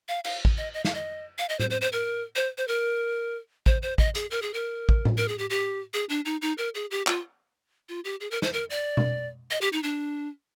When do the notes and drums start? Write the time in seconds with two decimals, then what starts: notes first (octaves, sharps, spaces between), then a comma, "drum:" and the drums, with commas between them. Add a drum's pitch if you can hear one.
0.08 F5
0.24 F5, drum: cymbal
0.45 drum: kick A1
0.57 D#5
0.74 D#5
0.85 F5, drum: snare
0.95 D#5
1.38 F5
1.49 D#5
1.59 C5, drum: tom A2
1.70 C5
1.81 C5
1.92 A#4
2.36 C5
2.58 C5
2.68 A#4
3.66 C5, drum: kick A1
3.82 C5
3.98 D#5, drum: kick A1
4.15 G#4, drum: hi-hat
4.31 A#4
4.42 G#4
4.54 A#4
4.89 drum: kick A1
5.05 drum: tom A2
5.17 A#4
5.28 G#4
5.39 G4
5.50 G4
5.93 G#4
6.09 D4
6.25 D#4
6.42 D#4
6.58 A#4
6.75 G#4
6.91 G4
7.07 F4, drum: clap
7.89 F4
8.04 G4
8.20 G#4
8.31 A#4
8.42 C5, drum: snare
8.53 A#4
8.70 D5
8.97 drum: tom B2
9.51 D#5
9.61 G4
9.73 D#4
9.83 D4